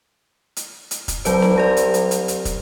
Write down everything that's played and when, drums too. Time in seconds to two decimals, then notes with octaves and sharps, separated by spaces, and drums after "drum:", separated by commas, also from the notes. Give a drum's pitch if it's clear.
0.56 drum: hi-hat
0.91 drum: hi-hat
1.08 drum: kick, hi-hat
1.25 C2 F#3 B4, drum: hi-hat
1.42 drum: snare D#4
1.56 F#3 G4 D5
1.77 drum: hi-hat
1.94 drum: hi-hat
2.11 drum: hi-hat
2.28 drum: hi-hat
2.45 drum: kick, hi-hat